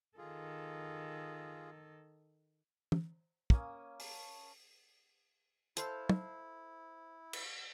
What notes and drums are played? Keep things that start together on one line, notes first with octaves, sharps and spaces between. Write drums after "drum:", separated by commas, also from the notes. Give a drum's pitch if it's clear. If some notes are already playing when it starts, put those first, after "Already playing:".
D#3 F4 G#4 A4
drum: tom
A#3 C#4 D#6, drum: kick
A5, drum: open hi-hat
E4 A4 C5 F5, drum: hi-hat
drum: tom
drum: cymbal